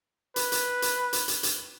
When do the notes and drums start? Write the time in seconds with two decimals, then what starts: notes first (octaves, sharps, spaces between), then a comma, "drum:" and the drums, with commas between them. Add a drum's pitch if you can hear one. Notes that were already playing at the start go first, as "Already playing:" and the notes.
0.36 B4, drum: hi-hat
0.52 drum: hi-hat
0.82 drum: hi-hat
1.13 drum: hi-hat
1.28 drum: hi-hat
1.43 drum: hi-hat